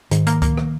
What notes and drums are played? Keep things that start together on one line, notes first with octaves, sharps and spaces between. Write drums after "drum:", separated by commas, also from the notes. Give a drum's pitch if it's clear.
G#2 D#3, drum: hi-hat
A#3, drum: hi-hat
A#3, drum: kick C#2, hi-hat
drum: rim click